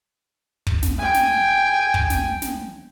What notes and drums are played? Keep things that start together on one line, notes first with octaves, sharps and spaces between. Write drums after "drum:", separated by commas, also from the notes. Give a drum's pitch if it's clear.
drum: kick
drum: snare
G5 G#5
drum: snare
drum: kick
drum: snare
drum: snare